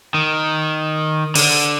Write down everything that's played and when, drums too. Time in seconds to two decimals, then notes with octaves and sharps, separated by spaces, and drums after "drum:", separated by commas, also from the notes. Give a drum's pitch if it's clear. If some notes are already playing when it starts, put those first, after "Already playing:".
0.14 D#3
1.35 D3, drum: open hi-hat